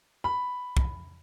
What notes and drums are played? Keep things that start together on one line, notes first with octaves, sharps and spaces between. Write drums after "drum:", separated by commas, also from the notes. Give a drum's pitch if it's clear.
B5
drum: kick